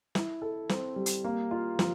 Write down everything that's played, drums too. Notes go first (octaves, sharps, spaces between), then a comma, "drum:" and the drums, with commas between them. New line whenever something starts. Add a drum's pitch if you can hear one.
E4, drum: snare
A4
C4, drum: snare
G3
drum: hi-hat
A#3
F4
F3, drum: snare